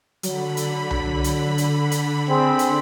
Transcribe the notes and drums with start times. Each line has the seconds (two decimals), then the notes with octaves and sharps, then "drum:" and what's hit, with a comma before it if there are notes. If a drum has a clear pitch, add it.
0.23 D3 F#3 B5, drum: hi-hat
0.57 drum: hi-hat
0.91 drum: tom C2
1.24 drum: hi-hat
1.58 drum: hi-hat
1.92 drum: hi-hat
2.29 C4 G#4
2.59 drum: hi-hat